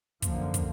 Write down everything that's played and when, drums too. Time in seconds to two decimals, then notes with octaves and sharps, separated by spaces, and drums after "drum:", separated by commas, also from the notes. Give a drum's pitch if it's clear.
0.22 F#2 D3 F3 A#3, drum: kick, hi-hat
0.54 drum: kick, hi-hat